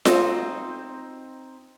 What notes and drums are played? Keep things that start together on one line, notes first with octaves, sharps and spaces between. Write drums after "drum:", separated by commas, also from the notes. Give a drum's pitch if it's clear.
C4 D#4 C5, drum: snare F4